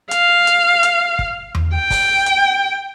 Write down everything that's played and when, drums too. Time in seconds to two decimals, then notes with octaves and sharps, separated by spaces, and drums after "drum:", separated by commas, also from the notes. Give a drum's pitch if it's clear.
0.11 F5, drum: hi-hat
0.47 drum: hi-hat
0.83 drum: hi-hat
1.19 drum: kick
1.55 drum: tom E2
1.75 G5
1.90 drum: kick, open hi-hat
2.26 drum: hi-hat